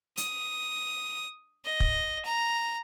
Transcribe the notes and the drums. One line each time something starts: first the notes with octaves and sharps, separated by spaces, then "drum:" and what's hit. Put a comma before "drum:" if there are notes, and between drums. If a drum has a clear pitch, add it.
D#6, drum: hi-hat
D#5
drum: kick
A#5